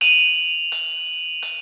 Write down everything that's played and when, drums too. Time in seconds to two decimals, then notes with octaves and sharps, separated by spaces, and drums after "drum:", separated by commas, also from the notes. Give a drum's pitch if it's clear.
0.01 D#7 F7 F#7, drum: hi-hat
0.72 drum: hi-hat
1.42 drum: hi-hat